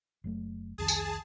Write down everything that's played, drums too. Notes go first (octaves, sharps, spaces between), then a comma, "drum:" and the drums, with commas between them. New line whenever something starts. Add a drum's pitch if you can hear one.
F#1 F#3 A3
C2 F2 D#3 G#4 A5
drum: tambourine